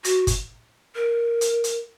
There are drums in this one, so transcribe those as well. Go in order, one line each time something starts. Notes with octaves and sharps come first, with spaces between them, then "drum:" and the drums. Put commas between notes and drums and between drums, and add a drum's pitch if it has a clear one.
F#4, drum: hi-hat
drum: kick G1, hi-hat
A#4
drum: hi-hat
drum: hi-hat